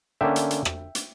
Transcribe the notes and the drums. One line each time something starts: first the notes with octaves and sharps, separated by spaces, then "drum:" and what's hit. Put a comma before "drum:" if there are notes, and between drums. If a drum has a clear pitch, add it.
D3 A#3 C#4 E5 G5
drum: hi-hat
drum: hi-hat
drum: rim click
drum: hi-hat